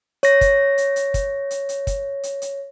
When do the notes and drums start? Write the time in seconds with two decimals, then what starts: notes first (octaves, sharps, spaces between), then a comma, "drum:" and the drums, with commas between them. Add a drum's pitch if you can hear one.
0.23 C#5 A#6, drum: hi-hat
0.41 drum: kick, hi-hat
0.78 drum: hi-hat
0.96 drum: hi-hat
1.14 drum: kick, hi-hat
1.51 drum: hi-hat
1.69 drum: hi-hat
1.87 drum: kick, hi-hat
2.23 drum: hi-hat
2.42 drum: hi-hat